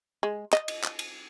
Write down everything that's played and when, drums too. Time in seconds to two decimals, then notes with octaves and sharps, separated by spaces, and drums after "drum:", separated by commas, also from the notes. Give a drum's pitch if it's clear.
0.23 G#3
0.53 D#5, drum: clap
0.68 drum: cymbal
0.84 drum: clap
0.99 drum: cymbal